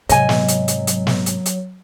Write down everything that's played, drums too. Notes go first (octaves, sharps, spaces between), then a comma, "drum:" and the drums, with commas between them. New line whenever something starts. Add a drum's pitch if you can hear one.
G#2 C3 F#3 D#5 G#5, drum: hi-hat
drum: snare
drum: hi-hat
drum: hi-hat
drum: hi-hat
drum: snare
drum: hi-hat
drum: hi-hat